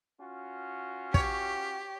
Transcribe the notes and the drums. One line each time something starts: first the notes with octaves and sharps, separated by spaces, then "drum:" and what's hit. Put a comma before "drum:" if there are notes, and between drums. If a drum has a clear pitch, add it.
C#4 F4 F#4
G4 C#5, drum: kick